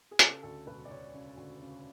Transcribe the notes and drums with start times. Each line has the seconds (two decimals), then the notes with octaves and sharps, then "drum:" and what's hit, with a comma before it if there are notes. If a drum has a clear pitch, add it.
0.11 G#4
0.19 C#3 A4, drum: hi-hat
0.43 D2 A4
0.66 E1 B4
0.85 D5
0.90 E1 C#5
1.14 C#3
1.37 D2
1.62 C#3